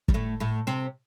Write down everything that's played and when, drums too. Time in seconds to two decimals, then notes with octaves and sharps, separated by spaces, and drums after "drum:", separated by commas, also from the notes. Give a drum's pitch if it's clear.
0.08 G3, drum: kick
0.14 A2 A3
0.40 A2 A3
0.67 C3 C4